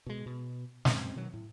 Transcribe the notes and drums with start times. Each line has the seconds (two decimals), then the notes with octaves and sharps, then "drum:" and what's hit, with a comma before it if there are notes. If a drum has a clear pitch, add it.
0.06 B2 G#3
0.26 B2
0.85 F#2 G#3 C4 C#4, drum: snare
1.15 B2 D#3 F#3
1.34 A2